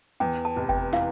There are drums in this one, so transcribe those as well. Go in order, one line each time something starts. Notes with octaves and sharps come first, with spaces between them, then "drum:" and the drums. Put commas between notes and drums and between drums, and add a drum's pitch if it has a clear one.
E2 G5, drum: tom
A5
F1
G5, drum: kick F#1
E3 F5, drum: snare